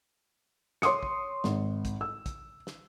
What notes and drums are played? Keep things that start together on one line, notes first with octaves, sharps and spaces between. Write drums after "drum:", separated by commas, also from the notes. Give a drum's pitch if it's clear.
C#5 C6 D6 D#6 C#7, drum: snare
drum: kick
G#1, drum: snare
drum: kick, hi-hat
E6
drum: kick, hi-hat
drum: snare